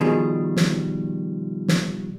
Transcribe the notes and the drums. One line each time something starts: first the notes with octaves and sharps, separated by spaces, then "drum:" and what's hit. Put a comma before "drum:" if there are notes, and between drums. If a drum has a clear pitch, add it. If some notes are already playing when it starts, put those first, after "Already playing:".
B2 D#3 F3 G3 G#4
drum: snare
drum: snare